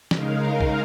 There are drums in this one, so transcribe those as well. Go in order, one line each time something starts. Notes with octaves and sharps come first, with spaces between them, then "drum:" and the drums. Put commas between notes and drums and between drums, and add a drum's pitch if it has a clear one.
C#3 G#3 D#4 A#4 F5, drum: snare
drum: kick B1